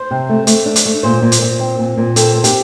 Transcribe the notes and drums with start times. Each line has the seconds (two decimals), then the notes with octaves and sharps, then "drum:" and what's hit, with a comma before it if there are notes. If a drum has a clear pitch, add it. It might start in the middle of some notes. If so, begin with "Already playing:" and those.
Already playing: C5
0.11 C3
0.29 A3
0.47 A3, drum: hi-hat
0.66 D4
0.76 drum: hi-hat
0.86 A3
1.03 A#2 C5
1.22 A#2
1.32 drum: hi-hat
1.41 A#2
1.60 C4
1.79 A#2
1.98 A#2
2.16 C4 A4, drum: hi-hat
2.35 C4
2.44 G4, drum: hi-hat